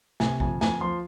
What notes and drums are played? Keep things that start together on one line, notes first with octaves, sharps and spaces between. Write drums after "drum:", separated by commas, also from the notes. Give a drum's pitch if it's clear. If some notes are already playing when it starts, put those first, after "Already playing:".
C3 G#5, drum: snare
F2 G#5, drum: kick A#1
F2 G#5, drum: snare
F3 C6